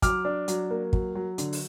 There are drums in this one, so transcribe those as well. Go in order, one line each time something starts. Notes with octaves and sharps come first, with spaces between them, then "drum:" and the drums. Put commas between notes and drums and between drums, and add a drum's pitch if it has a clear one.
F#3 D6 F6, drum: kick, hi-hat
D4
F#3, drum: hi-hat
A#3
F#3, drum: kick
F#3
D3, drum: hi-hat
drum: open hi-hat